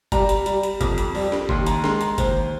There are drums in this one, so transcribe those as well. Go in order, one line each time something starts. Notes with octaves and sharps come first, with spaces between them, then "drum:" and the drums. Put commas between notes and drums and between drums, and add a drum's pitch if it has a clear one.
G3 A#5, drum: kick F#1, hi-hat
drum: hi-hat
G3, drum: hi-hat
drum: hi-hat
F2, drum: kick F#1, hi-hat
drum: hi-hat
G3, drum: open hi-hat
drum: snare
D#2 C6, drum: kick F#1
A#5, drum: hi-hat
G#3 C6, drum: snare
A#5, drum: hi-hat
D#2 C5, drum: kick F#1, hi-hat